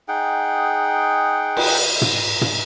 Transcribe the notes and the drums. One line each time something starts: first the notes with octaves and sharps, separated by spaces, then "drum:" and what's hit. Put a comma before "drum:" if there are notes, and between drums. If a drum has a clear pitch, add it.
D#4 G#4 F#5 G5
drum: cymbal
drum: tom
drum: tom